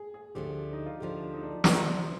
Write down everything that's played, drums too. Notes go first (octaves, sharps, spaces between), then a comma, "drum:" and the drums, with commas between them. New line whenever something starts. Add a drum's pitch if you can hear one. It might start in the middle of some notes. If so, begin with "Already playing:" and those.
Already playing: G#4
G#4
D2 D3 F3 G4
D#4
F4
D2 D3 F3 G4
D#4
D4
D2 C3 F3 D4, drum: snare
C4